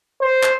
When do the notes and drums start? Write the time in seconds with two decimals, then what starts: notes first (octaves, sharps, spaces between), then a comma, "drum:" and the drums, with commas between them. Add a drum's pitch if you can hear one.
0.22 C5
0.43 drum: clap